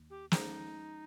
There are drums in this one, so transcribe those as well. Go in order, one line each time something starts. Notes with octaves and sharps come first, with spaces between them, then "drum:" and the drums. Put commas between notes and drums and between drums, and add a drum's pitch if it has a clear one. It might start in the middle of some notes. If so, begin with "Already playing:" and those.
Already playing: D#2 D#3 A#3
G4
F3 G#3 C#4 D#4 G#4 C5, drum: snare